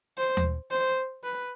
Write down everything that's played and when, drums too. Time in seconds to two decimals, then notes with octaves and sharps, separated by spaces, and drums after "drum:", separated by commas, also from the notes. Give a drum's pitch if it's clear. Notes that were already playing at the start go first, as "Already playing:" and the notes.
0.18 C5
0.37 drum: tom D#2
0.71 C5
1.24 B4